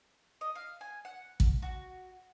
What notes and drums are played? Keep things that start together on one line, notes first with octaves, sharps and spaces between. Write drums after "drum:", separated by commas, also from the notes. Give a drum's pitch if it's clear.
D#5
F5
G#5
F#5
drum: kick
F#4